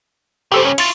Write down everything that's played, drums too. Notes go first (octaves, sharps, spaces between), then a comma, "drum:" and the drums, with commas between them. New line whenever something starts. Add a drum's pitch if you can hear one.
G2 C#3 G4 A4 C5
C#4
E4 F4 C#6 A6, drum: cymbal